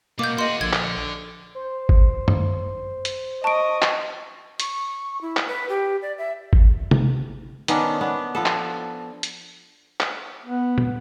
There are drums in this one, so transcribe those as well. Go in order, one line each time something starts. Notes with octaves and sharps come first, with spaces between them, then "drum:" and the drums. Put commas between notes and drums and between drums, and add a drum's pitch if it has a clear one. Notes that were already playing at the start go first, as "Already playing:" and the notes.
B2 A#3 D6 G6
F#4 G#4 D#5 C6
A#1 D3 G#6
drum: clap
C5
drum: kick G1
drum: tom F#2
drum: hi-hat
D#5 A5 C#6 D7
drum: clap
C#6, drum: hi-hat
E4
drum: clap
B4
G4
D5
E5
drum: kick G1
drum: tom C3
D#3 B3 C#4 D4, drum: hi-hat
B3 D4
F3 B3 A4
drum: clap
drum: hi-hat
drum: clap
B3
drum: tom